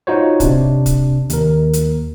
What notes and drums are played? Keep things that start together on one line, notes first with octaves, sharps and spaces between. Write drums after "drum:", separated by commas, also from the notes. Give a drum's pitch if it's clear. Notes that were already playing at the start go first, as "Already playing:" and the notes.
D#4 F4 F#4 C5 C#5
C3 D4, drum: kick, hi-hat
drum: kick, hi-hat
D#2 A#4, drum: hi-hat
drum: hi-hat